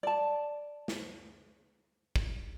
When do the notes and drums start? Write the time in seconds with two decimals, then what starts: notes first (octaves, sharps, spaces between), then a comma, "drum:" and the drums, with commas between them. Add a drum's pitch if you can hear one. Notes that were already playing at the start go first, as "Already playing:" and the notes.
0.03 D5 A5
0.88 drum: snare
2.16 drum: kick